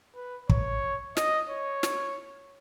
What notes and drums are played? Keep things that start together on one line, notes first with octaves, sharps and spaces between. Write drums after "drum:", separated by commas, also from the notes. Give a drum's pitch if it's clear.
B4
C#5, drum: kick
D#5, drum: snare
C#5
drum: snare